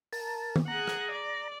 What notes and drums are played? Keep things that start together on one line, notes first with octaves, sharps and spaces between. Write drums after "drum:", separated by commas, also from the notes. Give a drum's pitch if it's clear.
A#4 A5, drum: open hi-hat
drum: tom D#3
G#4 F#5 A#5
drum: rim click
D5